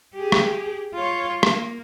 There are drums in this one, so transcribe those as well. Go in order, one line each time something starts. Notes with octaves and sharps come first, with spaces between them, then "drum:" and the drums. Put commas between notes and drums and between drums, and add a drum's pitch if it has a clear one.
G4 G#4
drum: rim click
F4 C#5
A#3, drum: rim click